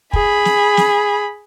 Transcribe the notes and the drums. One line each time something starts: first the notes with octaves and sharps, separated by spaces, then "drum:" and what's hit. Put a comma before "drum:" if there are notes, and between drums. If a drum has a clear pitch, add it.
G#4 B5, drum: kick
drum: snare
drum: snare